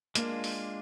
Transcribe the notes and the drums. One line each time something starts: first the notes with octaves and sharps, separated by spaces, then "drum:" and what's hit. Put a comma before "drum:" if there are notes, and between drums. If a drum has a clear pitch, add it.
G#3 A#3 D4 F4, drum: hi-hat
drum: open hi-hat